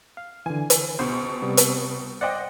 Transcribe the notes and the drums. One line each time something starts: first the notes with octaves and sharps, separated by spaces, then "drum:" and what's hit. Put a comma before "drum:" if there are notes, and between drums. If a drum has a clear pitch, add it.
F5
D3 E3 G#5
drum: hi-hat
C#2 B2 C5
C3 G3 B3
drum: hi-hat
C5 D5 D#5 F#5 G5